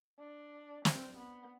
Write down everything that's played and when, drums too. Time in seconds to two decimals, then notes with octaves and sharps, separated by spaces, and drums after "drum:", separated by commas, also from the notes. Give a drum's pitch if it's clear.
0.19 D4
0.85 C4, drum: snare
1.17 B3